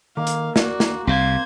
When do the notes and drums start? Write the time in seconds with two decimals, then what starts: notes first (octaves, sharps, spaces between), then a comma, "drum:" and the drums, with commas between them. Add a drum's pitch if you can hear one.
0.17 D#3 A#3 F5
0.27 drum: hi-hat
0.56 D4 F#4 D5, drum: snare
0.80 drum: snare
1.07 C2 C3 C4 C5 F5 A#5 G#6